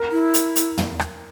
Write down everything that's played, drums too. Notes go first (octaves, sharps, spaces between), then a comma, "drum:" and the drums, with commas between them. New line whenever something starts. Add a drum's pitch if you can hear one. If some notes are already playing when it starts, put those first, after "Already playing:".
Already playing: A#4
E4
drum: hi-hat
drum: hi-hat
drum: tom
drum: rim click